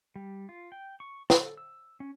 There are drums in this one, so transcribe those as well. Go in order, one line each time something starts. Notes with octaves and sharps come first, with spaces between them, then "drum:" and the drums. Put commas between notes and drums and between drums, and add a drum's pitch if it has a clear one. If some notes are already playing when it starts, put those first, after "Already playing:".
G3
F4
G5
C#6
A4, drum: snare
E6
C#4